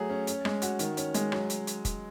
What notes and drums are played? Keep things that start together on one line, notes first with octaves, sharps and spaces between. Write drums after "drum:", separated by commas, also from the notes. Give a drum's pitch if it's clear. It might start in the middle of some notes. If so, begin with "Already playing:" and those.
Already playing: F#3 A3 G#4
C#4
C#4, drum: hi-hat
G#3, drum: rim click
F#4, drum: hi-hat
D#3, drum: hi-hat
C#4, drum: hi-hat
G#3, drum: hi-hat
F#3, drum: rim click
drum: hi-hat
drum: hi-hat
drum: kick F1, hi-hat